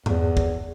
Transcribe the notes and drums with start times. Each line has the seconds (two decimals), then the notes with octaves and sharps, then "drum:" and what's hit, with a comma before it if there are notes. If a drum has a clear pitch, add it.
0.06 E2, drum: tom G2
0.37 drum: kick